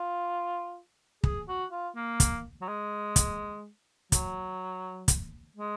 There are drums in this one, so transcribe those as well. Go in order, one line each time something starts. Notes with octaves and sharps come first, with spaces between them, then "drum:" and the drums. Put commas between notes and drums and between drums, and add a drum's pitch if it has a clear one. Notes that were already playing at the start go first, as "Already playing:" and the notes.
Already playing: F4
G#4, drum: kick
F#4
F4
A#3
drum: kick, hi-hat
F#3
G#3
drum: kick, hi-hat
F#3, drum: kick, hi-hat
drum: kick, hi-hat
G#3